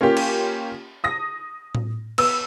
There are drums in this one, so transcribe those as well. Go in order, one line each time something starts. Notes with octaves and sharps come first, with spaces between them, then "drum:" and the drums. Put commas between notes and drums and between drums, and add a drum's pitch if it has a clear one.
A#3 C#4 F4 G4
drum: cymbal
D#6 A#6
drum: tom A2
B3 E6, drum: cymbal